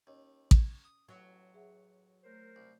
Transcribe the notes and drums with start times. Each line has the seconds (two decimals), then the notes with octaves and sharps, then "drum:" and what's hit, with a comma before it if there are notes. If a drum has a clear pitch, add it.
0.07 D#2 C#4 C#5 D#5
0.51 drum: kick A1
0.85 D#6
1.09 A1 F#3
1.54 G#4 E5 F#5
2.23 A3 A#4 C5 C#5
2.56 C2